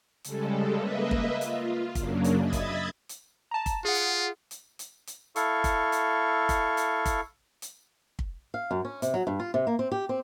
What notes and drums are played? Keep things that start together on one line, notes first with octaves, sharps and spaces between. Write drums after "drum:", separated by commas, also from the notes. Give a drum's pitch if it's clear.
C#3 G3 G#3 A4, drum: hi-hat
A#3 B4 D#5 E5
drum: kick
F4, drum: hi-hat
F#2 C#3 F#3 A#3 D4, drum: kick, hi-hat
drum: hi-hat
D#5 E5 B5 D#6 G#6 A6
drum: kick, hi-hat
drum: hi-hat
A5 A#5
drum: kick, hi-hat
F4 G#4 F#5
drum: hi-hat
drum: hi-hat
drum: hi-hat
drum: hi-hat
E4 A4 F5 C#6, drum: hi-hat
drum: kick, hi-hat
drum: hi-hat
drum: kick, hi-hat
drum: hi-hat
drum: kick, hi-hat
drum: hi-hat
drum: kick
F5
F#2
C#4
C3, drum: hi-hat
F#3
G2
F4
C3
A#3
C4
G4
C4